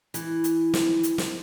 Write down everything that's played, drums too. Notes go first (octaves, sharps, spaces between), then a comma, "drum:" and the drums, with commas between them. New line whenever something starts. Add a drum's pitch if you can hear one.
E3, drum: hi-hat
drum: hi-hat
drum: snare
drum: hi-hat
drum: snare